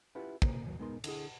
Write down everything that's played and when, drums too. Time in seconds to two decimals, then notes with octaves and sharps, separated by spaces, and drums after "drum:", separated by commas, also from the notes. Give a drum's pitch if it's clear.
0.15 C#4 E4 F4 G4 B4 F#5
0.42 C3 A#3, drum: kick
0.66 D#2 F#3
0.79 G#3 B3 D#4 A#4 C6
1.04 D3 E4 G#4, drum: cymbal